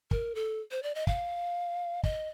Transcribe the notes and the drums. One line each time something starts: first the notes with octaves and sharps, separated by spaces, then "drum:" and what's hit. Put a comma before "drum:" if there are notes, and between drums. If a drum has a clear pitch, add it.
A#4, drum: kick
A4
C5
D5
D#5
F5, drum: kick
D#5, drum: kick